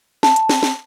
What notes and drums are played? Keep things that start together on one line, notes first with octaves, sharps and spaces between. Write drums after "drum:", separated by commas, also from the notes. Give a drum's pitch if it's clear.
A5, drum: snare
drum: hi-hat
drum: snare
drum: snare